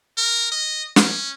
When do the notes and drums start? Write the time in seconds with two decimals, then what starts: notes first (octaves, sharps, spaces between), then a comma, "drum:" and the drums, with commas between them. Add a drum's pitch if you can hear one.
0.17 A#4
0.51 D#5
0.96 C#4, drum: snare